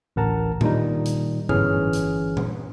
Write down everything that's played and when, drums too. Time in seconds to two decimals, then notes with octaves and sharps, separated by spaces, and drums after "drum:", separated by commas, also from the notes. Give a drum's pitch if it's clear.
0.16 A1 D2 A#4 F#5 A5 A#5
0.61 A#2 D#3 G3 D#4, drum: tom A#2
1.05 drum: hi-hat
1.49 G1 E3 C#4 G#4 F6, drum: tom G#2
1.93 drum: hi-hat
2.37 drum: tom A#2